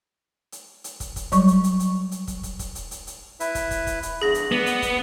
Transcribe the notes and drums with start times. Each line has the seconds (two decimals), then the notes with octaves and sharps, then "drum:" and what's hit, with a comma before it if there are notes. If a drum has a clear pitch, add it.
0.52 drum: hi-hat
0.84 drum: hi-hat
1.00 drum: kick, hi-hat
1.16 drum: kick, hi-hat
1.32 F#3 G3 C#6, drum: kick, hi-hat
1.48 drum: hi-hat
1.64 drum: hi-hat
1.80 drum: hi-hat
2.12 drum: hi-hat
2.27 drum: kick, hi-hat
2.43 drum: kick, hi-hat
2.59 drum: kick, hi-hat
2.75 drum: hi-hat
2.91 drum: hi-hat
3.07 drum: hi-hat
3.40 E4 B4 E5, drum: hi-hat
3.55 drum: kick, hi-hat
3.71 drum: kick, hi-hat
3.87 drum: kick, hi-hat
4.03 drum: hi-hat
4.22 E2 G2 D3 G#4 A#6
4.34 drum: hi-hat
4.52 B3 D5
4.66 drum: hi-hat
4.82 drum: kick, hi-hat